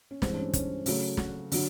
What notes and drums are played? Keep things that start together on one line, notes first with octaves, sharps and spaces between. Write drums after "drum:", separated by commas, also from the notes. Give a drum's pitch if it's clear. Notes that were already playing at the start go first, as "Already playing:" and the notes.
C#4
G2 E3 G#3 C4, drum: snare
D4
C#4
C#4, drum: kick, hi-hat
C#3 F#3 A3, drum: open hi-hat
F#4, drum: snare
D3 F#3, drum: open hi-hat